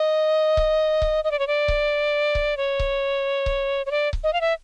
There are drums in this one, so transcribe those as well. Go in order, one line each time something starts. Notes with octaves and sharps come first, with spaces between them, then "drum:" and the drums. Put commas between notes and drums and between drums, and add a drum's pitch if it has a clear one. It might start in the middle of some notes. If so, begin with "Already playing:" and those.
Already playing: D#5
drum: kick C#1
drum: kick C#1
D#5
D5
C#5
D5
drum: kick C#1
drum: kick C#1
C#5
drum: kick C#1
drum: kick C#1
C#5
D5
drum: kick C#1
D#5
F5
E5